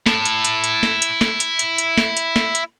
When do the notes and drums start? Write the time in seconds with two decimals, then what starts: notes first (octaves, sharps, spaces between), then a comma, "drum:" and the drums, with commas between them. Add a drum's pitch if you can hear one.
0.06 E4 A5, drum: snare
0.25 drum: hi-hat
0.45 drum: hi-hat
0.64 drum: hi-hat
0.83 drum: snare
1.02 drum: hi-hat
1.21 drum: snare
1.40 drum: hi-hat
1.59 drum: hi-hat
1.78 drum: hi-hat
1.98 drum: snare
2.17 drum: hi-hat
2.36 drum: snare
2.55 drum: hi-hat